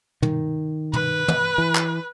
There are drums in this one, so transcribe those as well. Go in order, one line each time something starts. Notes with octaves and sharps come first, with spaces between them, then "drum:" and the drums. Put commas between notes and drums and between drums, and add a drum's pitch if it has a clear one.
D#3, drum: tom
B4, drum: tom
drum: tom
E3
drum: clap